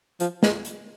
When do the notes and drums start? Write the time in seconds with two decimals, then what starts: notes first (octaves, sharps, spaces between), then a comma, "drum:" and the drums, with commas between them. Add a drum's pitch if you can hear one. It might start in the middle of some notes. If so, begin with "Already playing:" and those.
0.20 F3, drum: hi-hat
0.43 G#3, drum: snare
0.65 drum: hi-hat